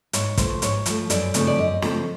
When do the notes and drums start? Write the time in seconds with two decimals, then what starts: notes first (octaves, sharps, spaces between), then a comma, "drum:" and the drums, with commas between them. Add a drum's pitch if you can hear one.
0.13 G#2 C#5, drum: hi-hat
0.37 F3 A3 C5, drum: kick, hi-hat
0.62 G#2 C#5, drum: hi-hat
0.86 F3 A3, drum: hi-hat
1.10 F#2 D5, drum: hi-hat
1.34 C#3 F3 A3 C4, drum: hi-hat
1.47 D5
1.58 F#2 D#5
1.82 C#3 F3 A3 C4, drum: snare